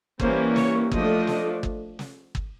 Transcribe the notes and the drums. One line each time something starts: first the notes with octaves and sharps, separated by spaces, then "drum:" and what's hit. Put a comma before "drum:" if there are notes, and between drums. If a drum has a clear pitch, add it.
E3 G3 A#3 C#4 C5, drum: kick G1
C#5, drum: snare
F3 A3 D4 D#5, drum: kick G1
drum: snare
drum: kick G1
drum: snare
drum: kick G1